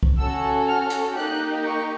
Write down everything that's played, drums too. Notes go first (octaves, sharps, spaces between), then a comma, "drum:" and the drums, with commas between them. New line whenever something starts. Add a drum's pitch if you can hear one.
drum: kick C2
C#4 F#4 A4 E6
F6
drum: hi-hat
A#3 D#4 G4 F#6
C#6